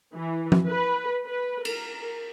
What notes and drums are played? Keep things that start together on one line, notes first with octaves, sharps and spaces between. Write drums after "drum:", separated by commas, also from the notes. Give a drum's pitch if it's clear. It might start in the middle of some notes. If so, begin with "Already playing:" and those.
E3
drum: tom F3
B4
B4
A#4, drum: cymbal